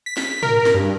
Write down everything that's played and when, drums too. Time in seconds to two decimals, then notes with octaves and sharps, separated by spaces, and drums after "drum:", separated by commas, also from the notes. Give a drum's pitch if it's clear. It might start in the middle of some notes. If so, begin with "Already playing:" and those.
0.06 B6
0.17 drum: snare
0.43 A#4, drum: tom
0.65 drum: snare
0.75 G2